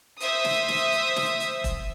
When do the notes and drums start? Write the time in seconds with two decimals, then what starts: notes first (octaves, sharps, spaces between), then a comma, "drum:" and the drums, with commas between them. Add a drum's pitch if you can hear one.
0.20 C5 E5 D#6, drum: hi-hat
0.44 drum: snare
0.68 drum: snare
0.92 drum: hi-hat
1.16 drum: snare
1.40 drum: hi-hat
1.64 drum: kick E1, hi-hat